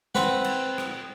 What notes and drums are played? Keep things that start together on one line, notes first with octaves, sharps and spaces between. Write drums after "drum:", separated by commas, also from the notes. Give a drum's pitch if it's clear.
C4 B4 F#5, drum: snare
drum: cymbal
drum: rim click